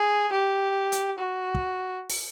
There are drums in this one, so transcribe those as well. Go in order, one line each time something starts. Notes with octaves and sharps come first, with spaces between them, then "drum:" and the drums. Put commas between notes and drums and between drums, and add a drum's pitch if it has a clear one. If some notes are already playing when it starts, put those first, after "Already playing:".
Already playing: G#4
G4
drum: hi-hat
F#4
drum: kick
drum: open hi-hat